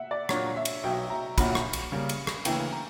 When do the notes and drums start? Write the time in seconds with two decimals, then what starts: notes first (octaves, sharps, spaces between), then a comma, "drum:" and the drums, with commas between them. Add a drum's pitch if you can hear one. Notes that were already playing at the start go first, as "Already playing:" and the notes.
Already playing: E5 F#5
0.11 D5
0.29 A#2 F#3 A#3 D4 F#4 C#5, drum: rim click
0.56 E5
0.65 drum: cymbal
0.83 B1 B2 F#3 C#4 G5
1.10 A#5
1.38 A#1 A#2 A#3 C#4 F#4 B5, drum: kick, cymbal
1.55 drum: rim click
1.73 drum: cymbal
1.92 C#3 G3 A#3
2.09 drum: cymbal
2.27 drum: rim click
2.45 D2 C#3 E3 A#3 E4 G5, drum: cymbal
2.73 A#5